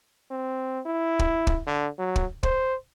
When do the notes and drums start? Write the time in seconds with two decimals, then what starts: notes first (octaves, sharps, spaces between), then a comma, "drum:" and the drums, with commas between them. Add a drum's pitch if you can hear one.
0.31 C4
0.86 E4
1.19 drum: kick
1.47 drum: kick
1.67 D3
1.99 F#3
2.16 drum: kick
2.43 C5, drum: kick